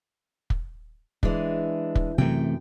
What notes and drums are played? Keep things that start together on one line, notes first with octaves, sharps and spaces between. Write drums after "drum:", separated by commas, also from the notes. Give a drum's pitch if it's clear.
drum: kick
E3 G#3 D4, drum: kick
drum: kick
F#2 C3 E3 A3 G5